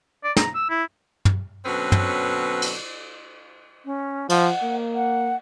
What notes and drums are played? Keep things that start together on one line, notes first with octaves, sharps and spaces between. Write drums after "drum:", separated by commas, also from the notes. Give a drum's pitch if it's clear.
D5
A#5, drum: snare
E6
E4
drum: tom
B2 D3 F#3 C4 C#4 B4
drum: tom
drum: cymbal
C#4
F3 F#5, drum: cymbal
A#3
F#5